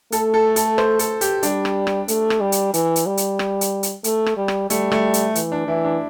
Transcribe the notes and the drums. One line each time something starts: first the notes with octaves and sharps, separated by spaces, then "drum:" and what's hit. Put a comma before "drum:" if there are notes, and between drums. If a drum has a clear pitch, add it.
A3 A4, drum: hi-hat
A4
A4, drum: hi-hat
C5, drum: rim click
A4, drum: hi-hat
G4, drum: hi-hat
G3 D4, drum: hi-hat
drum: rim click
drum: rim click
A3, drum: hi-hat
drum: rim click
G3
drum: hi-hat
E3, drum: hi-hat
drum: hi-hat
G3
drum: hi-hat
drum: rim click
drum: hi-hat
drum: hi-hat
A3, drum: hi-hat
drum: rim click
G3
drum: rim click
G3 A3, drum: hi-hat
A3, drum: rim click
drum: hi-hat
E3, drum: hi-hat
D4
E3 E4
D4